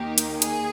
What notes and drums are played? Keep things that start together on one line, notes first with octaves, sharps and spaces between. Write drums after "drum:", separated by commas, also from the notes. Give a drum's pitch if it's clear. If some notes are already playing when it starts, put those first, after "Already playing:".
Already playing: D#2 D#3 A#3 D#4 G4
drum: hi-hat
G#4, drum: hi-hat